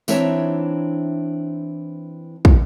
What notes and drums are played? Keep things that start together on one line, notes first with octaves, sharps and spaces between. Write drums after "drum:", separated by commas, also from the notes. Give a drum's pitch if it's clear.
E3 C4 D4 D#4 C#5 E5, drum: tambourine
drum: kick